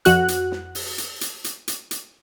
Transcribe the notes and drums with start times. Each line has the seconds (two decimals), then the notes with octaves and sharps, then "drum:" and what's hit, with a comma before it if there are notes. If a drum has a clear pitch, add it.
0.05 F2 F#4 F#6, drum: hi-hat
0.28 drum: hi-hat
0.52 drum: snare
0.75 drum: open hi-hat
0.98 drum: hi-hat
1.21 drum: hi-hat
1.44 drum: hi-hat
1.68 drum: hi-hat
1.91 drum: hi-hat